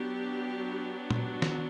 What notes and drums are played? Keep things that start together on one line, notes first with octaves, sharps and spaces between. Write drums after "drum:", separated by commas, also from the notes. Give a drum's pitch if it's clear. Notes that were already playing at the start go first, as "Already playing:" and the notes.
Already playing: F#3 B3 D4 G4
drum: tom A#2
drum: snare